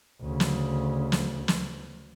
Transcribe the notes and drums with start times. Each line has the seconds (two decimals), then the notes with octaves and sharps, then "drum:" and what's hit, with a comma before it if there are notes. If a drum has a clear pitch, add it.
0.22 D2 C#3
0.40 drum: snare
1.12 drum: snare
1.48 drum: snare